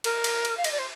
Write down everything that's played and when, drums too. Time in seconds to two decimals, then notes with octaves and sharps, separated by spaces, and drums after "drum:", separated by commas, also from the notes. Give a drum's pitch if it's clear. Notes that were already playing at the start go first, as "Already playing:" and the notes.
0.04 A#4, drum: cymbal
0.24 drum: cymbal
0.45 drum: cymbal
0.57 F5
0.64 D#5, drum: cymbal
0.71 D5
0.78 C5